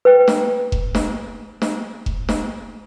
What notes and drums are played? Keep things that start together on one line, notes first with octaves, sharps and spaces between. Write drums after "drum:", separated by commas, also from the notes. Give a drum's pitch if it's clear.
B4 G5
drum: snare
drum: kick F1
drum: snare
drum: snare
drum: kick F1
drum: snare